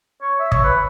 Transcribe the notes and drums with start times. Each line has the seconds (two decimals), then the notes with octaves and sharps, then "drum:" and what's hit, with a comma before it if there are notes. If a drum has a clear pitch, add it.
0.22 C#5
0.40 E5
0.52 C#5, drum: kick
0.64 B4